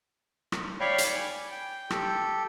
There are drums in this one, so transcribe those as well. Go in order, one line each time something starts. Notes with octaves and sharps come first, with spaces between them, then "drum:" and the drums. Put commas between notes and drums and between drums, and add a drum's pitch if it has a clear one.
drum: rim click
C#5 D5 F5 G5 B5 C#6
drum: hi-hat
G#5
G5
G4 A4, drum: rim click